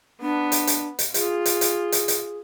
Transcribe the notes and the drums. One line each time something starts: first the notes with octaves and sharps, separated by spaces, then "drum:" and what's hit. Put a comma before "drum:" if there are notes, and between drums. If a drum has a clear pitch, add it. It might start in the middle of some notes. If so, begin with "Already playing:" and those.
B3 D4
drum: hi-hat
drum: hi-hat
drum: hi-hat
F4 G#4, drum: hi-hat
drum: hi-hat
drum: hi-hat
drum: hi-hat
drum: hi-hat